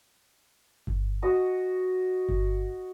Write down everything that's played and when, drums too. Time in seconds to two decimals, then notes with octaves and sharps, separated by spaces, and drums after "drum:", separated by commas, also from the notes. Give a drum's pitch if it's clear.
0.87 drum: kick G1
1.22 F#4 D#5
2.29 drum: kick G1